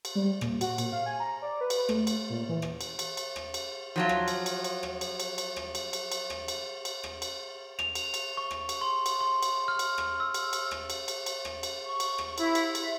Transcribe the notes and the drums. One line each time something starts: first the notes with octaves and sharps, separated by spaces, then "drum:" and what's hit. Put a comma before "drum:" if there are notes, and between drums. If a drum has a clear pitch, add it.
drum: cymbal
G3
A#2, drum: rim click
F#4, drum: cymbal
A#2, drum: cymbal
F5
G#5
A#5
D5
B4
drum: cymbal
A3, drum: rim click
drum: cymbal
A#2
E3
drum: rim click
drum: cymbal
drum: cymbal
drum: cymbal
drum: rim click
drum: cymbal
F3 F#3 F4
drum: rim click
drum: cymbal
drum: cymbal
drum: cymbal
drum: rim click
drum: cymbal
drum: cymbal
drum: cymbal
drum: rim click
drum: cymbal
drum: cymbal
drum: cymbal
drum: rim click
drum: cymbal
drum: cymbal
drum: rim click
drum: cymbal
F7, drum: rim click
drum: cymbal
drum: cymbal
C#6
drum: rim click
drum: cymbal
C6
drum: cymbal
C6
drum: cymbal
F6
drum: cymbal
drum: rim click
E6
drum: cymbal
drum: cymbal
drum: rim click
drum: cymbal
drum: cymbal
drum: cymbal
drum: rim click
drum: cymbal
C#6
drum: cymbal
drum: rim click
E4, drum: cymbal
drum: cymbal
E5, drum: cymbal